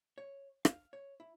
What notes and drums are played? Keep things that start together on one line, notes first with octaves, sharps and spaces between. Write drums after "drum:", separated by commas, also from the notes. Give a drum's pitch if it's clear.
C#5
F5, drum: rim click
C#5
E4